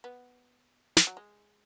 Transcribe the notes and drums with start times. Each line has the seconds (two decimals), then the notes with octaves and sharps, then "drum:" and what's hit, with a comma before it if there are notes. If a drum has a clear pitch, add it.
0.04 B3
0.97 E3, drum: snare
1.07 F#3
1.17 G#3